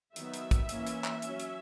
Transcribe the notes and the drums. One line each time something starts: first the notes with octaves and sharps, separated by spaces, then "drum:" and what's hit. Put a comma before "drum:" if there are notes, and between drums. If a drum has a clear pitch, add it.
D#3 F#3 B3 E5, drum: hi-hat
drum: hi-hat
drum: kick, hi-hat
E3 A#3 C#4, drum: hi-hat
drum: hi-hat
drum: clap
F#3 C#4, drum: hi-hat
drum: hi-hat